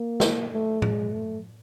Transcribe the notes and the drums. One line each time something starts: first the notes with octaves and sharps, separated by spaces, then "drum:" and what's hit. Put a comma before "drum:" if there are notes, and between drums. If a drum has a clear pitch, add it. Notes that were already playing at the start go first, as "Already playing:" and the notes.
Already playing: A#3
drum: snare
A3
G#3, drum: tom A2
A3